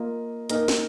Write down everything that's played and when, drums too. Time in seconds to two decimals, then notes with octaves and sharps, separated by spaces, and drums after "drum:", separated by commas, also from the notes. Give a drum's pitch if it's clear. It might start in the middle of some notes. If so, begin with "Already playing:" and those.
Already playing: A#3 F4 A#4 D#5
0.50 A#3 D#4 A#4 D#5, drum: hi-hat
0.68 drum: snare